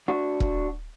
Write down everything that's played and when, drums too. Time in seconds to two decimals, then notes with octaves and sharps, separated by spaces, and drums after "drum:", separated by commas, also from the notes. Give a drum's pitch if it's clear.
0.08 D4 F#4
0.40 drum: kick E1